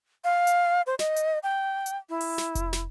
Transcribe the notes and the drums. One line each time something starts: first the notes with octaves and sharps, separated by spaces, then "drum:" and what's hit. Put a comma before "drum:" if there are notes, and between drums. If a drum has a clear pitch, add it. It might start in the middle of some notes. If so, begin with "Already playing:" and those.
F5
drum: hi-hat
C5
D#5, drum: snare
drum: hi-hat
G5
drum: hi-hat
E4
drum: open hi-hat
drum: snare
drum: kick F1, hi-hat
drum: snare